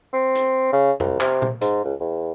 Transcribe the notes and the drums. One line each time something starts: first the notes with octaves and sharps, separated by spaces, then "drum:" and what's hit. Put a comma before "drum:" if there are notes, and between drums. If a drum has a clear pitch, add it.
C4
drum: hi-hat
C#3
C2, drum: tom F2
C3, drum: clap
drum: tom
G#2, drum: hi-hat
C#2
E2